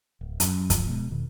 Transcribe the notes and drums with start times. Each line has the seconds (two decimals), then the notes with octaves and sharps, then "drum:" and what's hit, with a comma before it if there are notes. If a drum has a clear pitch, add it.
0.21 D1
0.40 F#2, drum: hi-hat
0.70 G1 D2 G2 F3, drum: kick C#1, hi-hat
0.86 B2 G#3
1.10 E2 B2 D#3